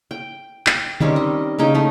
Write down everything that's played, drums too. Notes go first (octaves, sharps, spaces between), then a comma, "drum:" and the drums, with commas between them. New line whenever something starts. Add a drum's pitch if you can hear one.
G5
G5, drum: clap
D#3 G3 C4 C#4, drum: tom D3
D#5
C#3 C#4 D#4 G5
A3 D#4